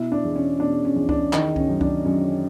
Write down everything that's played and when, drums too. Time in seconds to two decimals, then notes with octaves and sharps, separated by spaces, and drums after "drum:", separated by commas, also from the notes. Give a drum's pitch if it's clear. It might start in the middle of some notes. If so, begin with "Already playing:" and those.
Already playing: B2 E4
0.12 D4
0.24 E2
0.36 C#4
0.60 B2 D4
0.85 C#4
0.96 E2
1.09 D4, drum: kick C#2
1.33 D#3 D#4, drum: clap
1.56 C#4, drum: kick C#2
1.69 F#2
1.81 D4, drum: kick C#2
2.05 F#2 C#4